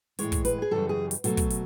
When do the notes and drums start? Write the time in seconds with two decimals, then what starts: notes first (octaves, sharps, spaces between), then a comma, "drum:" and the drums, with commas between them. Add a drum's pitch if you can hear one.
0.19 A2 E3 G#3 C#5, drum: hi-hat
0.32 drum: kick, hi-hat
0.45 B4, drum: hi-hat
0.62 G#4
0.71 F#2 C#3 E3 G3 A4
0.89 G#4
1.11 drum: hi-hat
1.24 B2 F#3 A3 F#4, drum: hi-hat
1.37 drum: kick, hi-hat
1.50 drum: hi-hat